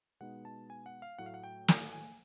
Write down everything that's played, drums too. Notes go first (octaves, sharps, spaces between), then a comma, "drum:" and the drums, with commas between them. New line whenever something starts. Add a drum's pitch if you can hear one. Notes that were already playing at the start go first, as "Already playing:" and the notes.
B2 G#3 B3 D#4 F#5
A5
G#5
F#5
F5
A2 F#3 A3 F#5
F5
F#5
G5
G#5, drum: snare
G#5